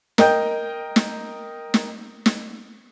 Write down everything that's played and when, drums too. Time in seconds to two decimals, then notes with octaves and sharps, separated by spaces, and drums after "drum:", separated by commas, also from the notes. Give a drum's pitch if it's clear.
0.18 A#4 D#5 G5 G6, drum: snare
0.96 drum: snare
1.74 drum: snare
2.26 drum: snare